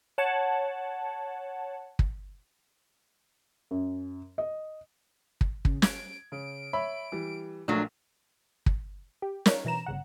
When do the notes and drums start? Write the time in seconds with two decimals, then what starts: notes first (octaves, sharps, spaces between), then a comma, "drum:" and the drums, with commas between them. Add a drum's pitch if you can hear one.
0.18 C#5 F#5 A5
1.99 drum: kick
3.71 F#2
4.38 D#5
5.41 drum: kick
5.65 C#3, drum: kick
5.82 G#6 D7, drum: snare
6.32 C#3 D7
6.73 C#5 E5 B5
7.12 E3 G3
7.68 A#1 A#2 F#3 A3 D4
8.66 drum: kick
9.22 G4
9.46 D4 D#4 F4 A#4 C#5, drum: snare
9.65 B2 E3 A#5 E7
9.86 G1 C#3 F#5